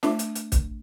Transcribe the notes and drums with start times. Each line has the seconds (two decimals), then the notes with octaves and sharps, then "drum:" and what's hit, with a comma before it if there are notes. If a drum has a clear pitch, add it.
0.03 A3 D4 E5, drum: snare
0.19 drum: hi-hat
0.35 drum: hi-hat
0.52 drum: kick, hi-hat